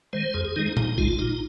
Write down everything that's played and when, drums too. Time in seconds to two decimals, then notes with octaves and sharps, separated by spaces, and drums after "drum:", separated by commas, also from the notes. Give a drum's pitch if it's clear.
0.13 D#3 G#3 C5
0.34 F2 G#4
0.45 G#4
0.56 D#3 G#3 D#4
0.66 D#4
0.77 A#2 D#4, drum: tom A2
0.98 G#3 F4, drum: kick
1.19 A#2 D#4